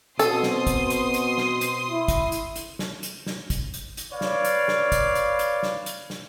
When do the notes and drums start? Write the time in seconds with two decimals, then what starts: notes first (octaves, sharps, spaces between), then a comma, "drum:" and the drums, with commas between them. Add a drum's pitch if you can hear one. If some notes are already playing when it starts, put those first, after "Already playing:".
0.19 B2 C4 A4 C6 D#6, drum: hi-hat
0.43 drum: snare
0.67 drum: kick, hi-hat
0.90 drum: hi-hat
1.14 drum: hi-hat
1.38 drum: snare
1.61 drum: hi-hat
1.90 E4
2.08 drum: kick, hi-hat
2.32 drum: hi-hat
2.56 drum: hi-hat
2.79 drum: snare
3.03 drum: hi-hat
3.26 drum: snare
3.50 drum: kick, hi-hat
3.74 drum: hi-hat
3.97 drum: hi-hat
4.12 B4 C#5 D5 F5
4.21 drum: snare
4.45 drum: hi-hat
4.68 drum: snare
4.92 drum: kick, hi-hat
5.15 drum: hi-hat
5.39 drum: hi-hat
5.63 drum: snare
5.86 drum: hi-hat
6.10 drum: snare